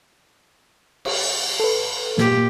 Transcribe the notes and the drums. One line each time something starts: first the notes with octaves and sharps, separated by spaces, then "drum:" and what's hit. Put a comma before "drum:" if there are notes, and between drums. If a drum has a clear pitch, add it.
drum: cymbal
A4 B4
A#2 G4, drum: snare